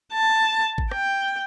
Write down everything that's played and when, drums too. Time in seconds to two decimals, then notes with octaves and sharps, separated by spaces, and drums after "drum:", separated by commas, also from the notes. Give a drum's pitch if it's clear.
0.13 A5
0.78 drum: kick G#1
0.91 G5, drum: rim click